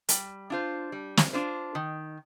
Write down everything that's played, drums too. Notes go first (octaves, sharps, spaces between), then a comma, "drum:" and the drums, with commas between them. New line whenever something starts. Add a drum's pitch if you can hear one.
G3, drum: hi-hat
D4 F4 C5
G3
drum: snare
D4 F4 C5
D#3